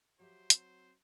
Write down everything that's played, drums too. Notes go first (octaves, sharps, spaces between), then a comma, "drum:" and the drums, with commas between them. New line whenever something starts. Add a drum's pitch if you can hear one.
F3 F#3 G4 C5 E5
C4, drum: hi-hat